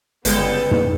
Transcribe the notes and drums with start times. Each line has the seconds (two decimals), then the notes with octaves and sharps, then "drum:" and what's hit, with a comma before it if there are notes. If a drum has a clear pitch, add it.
0.25 G1 C#3 G3 G#3 B3 A4 B4 G6, drum: hi-hat
0.71 drum: tom